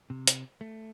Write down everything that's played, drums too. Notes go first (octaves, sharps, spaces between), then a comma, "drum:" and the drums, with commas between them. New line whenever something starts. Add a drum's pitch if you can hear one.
C3
drum: hi-hat
A3